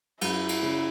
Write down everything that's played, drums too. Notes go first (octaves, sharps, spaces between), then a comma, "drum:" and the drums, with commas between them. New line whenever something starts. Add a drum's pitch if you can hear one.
F#2 E4, drum: cymbal
drum: cymbal
C#3